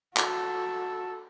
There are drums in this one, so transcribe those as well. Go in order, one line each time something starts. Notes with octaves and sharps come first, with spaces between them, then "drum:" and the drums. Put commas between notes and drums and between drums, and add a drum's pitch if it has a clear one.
F#4 A4, drum: clap